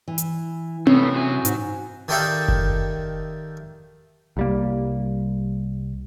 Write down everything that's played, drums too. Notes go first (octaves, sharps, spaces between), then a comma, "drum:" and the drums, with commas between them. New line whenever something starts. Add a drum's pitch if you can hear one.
E3
drum: hi-hat
C3 A3 B3 C#4, drum: tom C4
F#4 G#5
G#2, drum: hi-hat
D#3 G4 A4 D5 E5 F5
drum: kick F#1
C2 G3 A#3